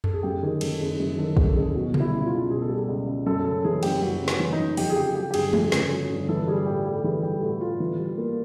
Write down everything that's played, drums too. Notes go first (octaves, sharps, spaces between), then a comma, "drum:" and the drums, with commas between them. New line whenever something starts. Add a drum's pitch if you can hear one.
A4, drum: tom F2
G#4
F#2 G4
D#3 G#4
F#1 A4, drum: cymbal
F#1 G#4
F#2 G#4
D#3 A4
F#1 G#4, drum: kick
A4
F#1 G#4
B2 F#4
G3, drum: tom C3
E4
C#2
E4
F4
C#2
B2 G#4
A4
G3 G#4
C#2
C#2
F#2 A4
C#3 A4
E3 G#4
F#1 G4, drum: cymbal
F#2 F#4
C#3
F#4, drum: snare
E3
D#4
F#1
F2 G4, drum: open hi-hat
G#4
C#3 G4
F#3 G4
G4
G1 G#4, drum: cymbal
F2 G#4, drum: tom G#3
C#3, drum: snare
F#3
G1
E3 A4
G3 G#4
A2 G4
A2 G4
G4
E3 G#4
G3 G4
A2 F#4
A2 F4
E3
G3
A#3